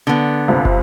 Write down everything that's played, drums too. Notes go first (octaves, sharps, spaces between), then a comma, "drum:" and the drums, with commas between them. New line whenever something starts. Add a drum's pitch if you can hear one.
D3 B3
C#2 C3
drum: kick